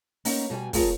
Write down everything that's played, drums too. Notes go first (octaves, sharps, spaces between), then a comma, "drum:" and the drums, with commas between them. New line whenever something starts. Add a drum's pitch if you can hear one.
A#3 B3 C#4 D#4, drum: open hi-hat
B2 G3 C#5 G#5
F2 A3 F4 G#4 A#4 C#5, drum: kick, open hi-hat